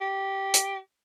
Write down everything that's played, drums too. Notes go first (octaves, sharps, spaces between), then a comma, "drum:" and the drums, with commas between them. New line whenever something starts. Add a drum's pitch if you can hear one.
G4
drum: hi-hat